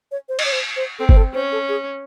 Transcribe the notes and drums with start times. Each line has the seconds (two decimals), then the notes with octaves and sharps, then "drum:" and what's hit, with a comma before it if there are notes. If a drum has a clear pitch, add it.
0.12 C#5
0.29 C5
0.39 D#5, drum: cymbal
0.45 C#5
0.52 C5
0.76 C5
0.99 C4 A4
1.09 C5, drum: kick G1
1.17 A4
1.34 C#4 C5
1.52 A4
1.69 G#4